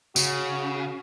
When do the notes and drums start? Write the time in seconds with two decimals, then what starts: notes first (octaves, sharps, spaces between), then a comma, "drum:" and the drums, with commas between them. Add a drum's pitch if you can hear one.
0.16 C#3 F#4, drum: tambourine